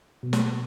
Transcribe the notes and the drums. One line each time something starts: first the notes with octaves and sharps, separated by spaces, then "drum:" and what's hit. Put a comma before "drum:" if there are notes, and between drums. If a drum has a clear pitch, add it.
B2
drum: snare